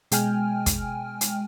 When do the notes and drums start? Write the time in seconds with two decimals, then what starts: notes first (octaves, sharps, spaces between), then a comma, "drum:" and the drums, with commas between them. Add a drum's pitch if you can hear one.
0.12 B2 G#3 G5 G#5 F6, drum: hi-hat
0.66 drum: kick, hi-hat
1.21 drum: hi-hat